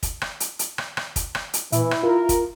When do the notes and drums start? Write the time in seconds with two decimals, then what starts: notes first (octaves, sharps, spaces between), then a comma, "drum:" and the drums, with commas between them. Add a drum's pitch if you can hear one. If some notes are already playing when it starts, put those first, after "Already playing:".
0.03 drum: kick, hi-hat
0.21 drum: rim click
0.40 drum: hi-hat
0.59 drum: hi-hat
0.78 drum: rim click
0.97 drum: rim click
1.16 drum: kick, hi-hat
1.35 drum: rim click
1.54 drum: hi-hat
1.72 A#2 E3 E4, drum: hi-hat
1.91 drum: rim click
2.03 F4 A#4
2.29 drum: kick, hi-hat